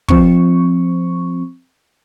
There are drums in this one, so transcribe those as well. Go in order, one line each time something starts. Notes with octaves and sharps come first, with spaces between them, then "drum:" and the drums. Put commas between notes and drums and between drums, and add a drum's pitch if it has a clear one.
F3 C4 C#6, drum: kick